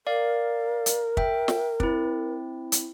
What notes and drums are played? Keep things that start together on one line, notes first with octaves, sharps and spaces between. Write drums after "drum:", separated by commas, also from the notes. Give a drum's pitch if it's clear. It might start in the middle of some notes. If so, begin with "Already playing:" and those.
A#4 D5 F5
drum: hi-hat
E5 G5, drum: kick
drum: snare
C4 E4, drum: kick
drum: hi-hat